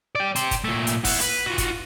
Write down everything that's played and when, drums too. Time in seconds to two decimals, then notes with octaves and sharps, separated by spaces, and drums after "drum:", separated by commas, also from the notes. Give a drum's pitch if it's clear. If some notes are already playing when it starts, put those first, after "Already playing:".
0.16 D5 G5
0.36 G4 C5, drum: hi-hat
0.51 drum: kick, hi-hat
0.64 A#2 A3
0.87 drum: hi-hat
1.05 E4 F#5, drum: kick, open hi-hat
1.21 B4, drum: hi-hat
1.46 F4 F#4
1.58 drum: kick, hi-hat